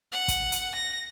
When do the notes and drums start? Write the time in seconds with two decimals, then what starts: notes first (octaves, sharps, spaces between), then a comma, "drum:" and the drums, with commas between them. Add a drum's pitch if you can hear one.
0.12 F#5
0.28 drum: kick, hi-hat
0.52 drum: hi-hat
0.76 A#6